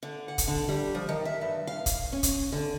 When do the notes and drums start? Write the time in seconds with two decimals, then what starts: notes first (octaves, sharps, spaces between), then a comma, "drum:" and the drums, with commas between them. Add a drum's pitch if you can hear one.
0.03 D3
0.28 F#5
0.38 drum: kick, hi-hat
0.48 D3
0.69 G3
0.95 F3
1.09 D#3
1.25 E5
1.41 G2
1.67 F5
1.86 drum: kick, hi-hat
2.12 C#4
2.23 drum: kick, hi-hat
2.52 D3